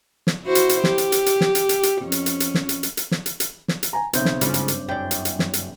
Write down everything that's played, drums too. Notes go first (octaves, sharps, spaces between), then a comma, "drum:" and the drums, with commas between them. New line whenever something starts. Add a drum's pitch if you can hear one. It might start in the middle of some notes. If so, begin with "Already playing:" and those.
drum: snare
E4 F#4 C5
drum: hi-hat
drum: hi-hat
G4, drum: snare
drum: hi-hat
drum: hi-hat
drum: hi-hat
drum: snare
drum: hi-hat
drum: hi-hat
drum: hi-hat
F2 C#4
drum: hi-hat
drum: hi-hat
drum: hi-hat
drum: snare
drum: hi-hat
drum: hi-hat
drum: hi-hat
drum: snare
drum: hi-hat
drum: hi-hat
drum: snare
drum: hi-hat
G#5 A#5
B1 C#3 C4 E5 G6, drum: hi-hat
drum: snare
F#1 G2 C#3 F3 G#3 D6, drum: hi-hat
drum: hi-hat
drum: hi-hat
F#2 D4 G5
drum: hi-hat
drum: hi-hat
drum: snare
drum: hi-hat